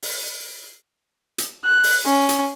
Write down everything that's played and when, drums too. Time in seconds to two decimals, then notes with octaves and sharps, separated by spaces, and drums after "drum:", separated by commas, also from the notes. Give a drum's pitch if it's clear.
0.03 drum: open hi-hat
1.38 drum: hi-hat
1.65 F#6
1.83 drum: open hi-hat
2.06 C#4
2.29 drum: hi-hat